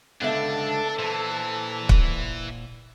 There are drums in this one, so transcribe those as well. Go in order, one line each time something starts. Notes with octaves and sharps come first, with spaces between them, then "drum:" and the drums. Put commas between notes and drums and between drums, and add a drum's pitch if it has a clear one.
C#2 D3 B3 D4 A4 E5
A#2 E3 C5
drum: kick